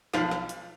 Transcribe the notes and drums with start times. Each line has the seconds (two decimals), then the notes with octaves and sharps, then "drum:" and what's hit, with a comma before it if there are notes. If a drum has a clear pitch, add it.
0.14 B1 F3 F4, drum: snare
0.31 drum: snare
0.49 drum: hi-hat